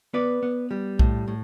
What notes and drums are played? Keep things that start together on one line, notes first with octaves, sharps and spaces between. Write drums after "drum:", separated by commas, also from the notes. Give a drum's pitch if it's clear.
B3 B4 D5
B3
G3
A2, drum: kick B1
A2